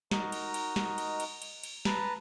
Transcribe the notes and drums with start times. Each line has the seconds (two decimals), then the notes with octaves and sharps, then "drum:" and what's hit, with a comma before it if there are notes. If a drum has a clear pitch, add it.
0.11 D#4 F#4 A#4 D#5, drum: snare
0.32 drum: cymbal
0.54 drum: cymbal
0.76 drum: snare
0.98 drum: cymbal
1.20 drum: cymbal
1.42 drum: cymbal
1.63 drum: cymbal
1.85 B4 A5 A#5, drum: snare